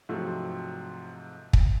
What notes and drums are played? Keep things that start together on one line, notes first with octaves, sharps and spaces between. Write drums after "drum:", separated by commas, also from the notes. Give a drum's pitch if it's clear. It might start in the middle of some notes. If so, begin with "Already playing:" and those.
G#2 C3 F3 F#3 A3
drum: kick